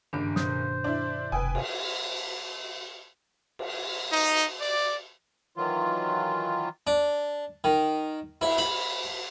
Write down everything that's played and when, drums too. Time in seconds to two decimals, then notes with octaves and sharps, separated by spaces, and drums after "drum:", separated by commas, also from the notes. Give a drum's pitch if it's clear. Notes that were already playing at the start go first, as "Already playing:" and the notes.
0.13 F#1 G2 D#3 D4 D7
0.36 B2 C5, drum: snare
0.84 D4 E4
1.32 F1 C3 B4 G5 G#5 D#6
1.55 drum: cymbal
3.59 drum: cymbal
4.11 D#4
4.60 D5
5.57 D#3 E3 F#3 F4
6.87 D4
7.64 D#3
8.41 E4, drum: cymbal
8.58 B5, drum: hi-hat